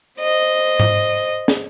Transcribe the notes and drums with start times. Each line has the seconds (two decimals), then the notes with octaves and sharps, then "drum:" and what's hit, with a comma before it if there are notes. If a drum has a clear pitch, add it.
0.20 C5 D#5
0.80 drum: tom G#2
1.48 drum: snare